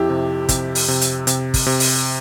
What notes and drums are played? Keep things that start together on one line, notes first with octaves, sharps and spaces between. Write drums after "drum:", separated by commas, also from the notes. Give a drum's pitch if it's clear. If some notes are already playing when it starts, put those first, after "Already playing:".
Already playing: F2 E4 G4
C3
C3, drum: kick, hi-hat
drum: open hi-hat
C3
drum: hi-hat
C3, drum: hi-hat
drum: kick, open hi-hat
C3
drum: open hi-hat